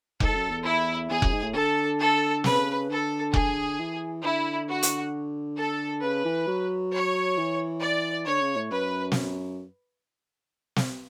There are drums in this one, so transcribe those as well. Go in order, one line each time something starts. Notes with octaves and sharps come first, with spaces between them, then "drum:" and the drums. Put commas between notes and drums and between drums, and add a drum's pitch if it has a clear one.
G#2 A4, drum: kick F1
F#2
E2
E4
E2 G#4
F#2, drum: kick F1
G#2
A2
D3 A4
A4
C#3 B4, drum: snare
D3 A4
G#4, drum: kick F1
E3
D3 E4
F#4
drum: hi-hat
A4
C#3 B4
E3
F#3
C#5
E3
D5
D3 C#5
C#3
A2
F#2 B4
drum: snare
drum: snare